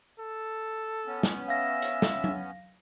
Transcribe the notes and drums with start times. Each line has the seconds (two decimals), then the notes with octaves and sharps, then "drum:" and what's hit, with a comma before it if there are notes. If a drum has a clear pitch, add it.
0.19 A4
1.06 B3 C#4
1.23 drum: snare
1.49 E5 F5 A#6
1.82 drum: hi-hat
2.02 drum: snare
2.24 drum: tom F#3